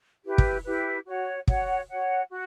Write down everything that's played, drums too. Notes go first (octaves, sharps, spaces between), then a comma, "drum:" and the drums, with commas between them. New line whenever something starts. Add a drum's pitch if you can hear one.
E4 G4 B4
drum: kick
E4 G4 B4
F#4 C#5 F#5
F#4 C#5 F#5, drum: kick
F#4 C#5 F#5
F#4